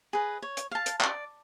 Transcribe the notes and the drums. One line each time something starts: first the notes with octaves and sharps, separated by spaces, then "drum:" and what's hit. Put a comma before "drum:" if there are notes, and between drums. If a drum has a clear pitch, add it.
G#4 B4 D#5
C#5
drum: hi-hat
F5 A5
drum: hi-hat
D5, drum: clap